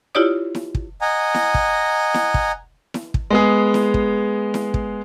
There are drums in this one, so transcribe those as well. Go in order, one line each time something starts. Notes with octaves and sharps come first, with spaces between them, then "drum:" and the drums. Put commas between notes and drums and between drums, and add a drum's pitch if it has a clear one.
E4 F4 G4 C#5 D5 D#6
drum: snare E4
drum: kick
D#5 F#5 G#5 A#5
drum: snare E4
drum: kick
drum: snare E4
drum: kick
drum: snare E4
drum: kick
G#3 B3 G#4
drum: snare E4
drum: kick
drum: snare E4
drum: kick